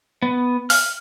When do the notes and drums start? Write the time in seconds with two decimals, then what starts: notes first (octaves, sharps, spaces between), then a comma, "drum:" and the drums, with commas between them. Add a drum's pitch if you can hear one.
0.22 B3
0.70 F6, drum: open hi-hat